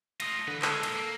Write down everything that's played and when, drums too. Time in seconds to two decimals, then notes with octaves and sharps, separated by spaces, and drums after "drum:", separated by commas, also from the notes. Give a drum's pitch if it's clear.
0.20 A3 F4 D#6 A#6, drum: cymbal
0.48 D3 E3 B4
0.62 G#3 A4, drum: clap
0.83 G#2 A#3, drum: cymbal
0.96 A#3